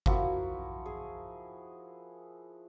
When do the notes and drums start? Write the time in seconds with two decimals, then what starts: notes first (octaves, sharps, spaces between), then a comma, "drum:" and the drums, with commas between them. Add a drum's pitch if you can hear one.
0.06 F3 E4 F#4 A#4, drum: kick G1
0.86 G#4